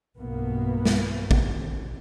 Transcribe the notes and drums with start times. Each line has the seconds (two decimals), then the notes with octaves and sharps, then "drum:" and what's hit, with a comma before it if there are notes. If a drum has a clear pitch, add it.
0.18 B1 G2 B2 A#3 B3
0.85 drum: snare
1.31 drum: kick